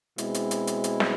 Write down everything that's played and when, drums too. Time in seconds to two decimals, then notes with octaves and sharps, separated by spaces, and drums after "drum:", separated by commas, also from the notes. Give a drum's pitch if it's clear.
0.18 B2 G#3 C4 E4, drum: hi-hat
0.34 drum: hi-hat
0.51 drum: hi-hat
0.67 drum: hi-hat
0.84 drum: hi-hat
1.00 drum: snare